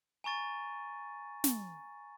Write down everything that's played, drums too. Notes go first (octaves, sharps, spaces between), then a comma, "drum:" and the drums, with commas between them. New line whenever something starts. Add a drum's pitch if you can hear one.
G#5 A#5 C#6 A6 D#7
drum: snare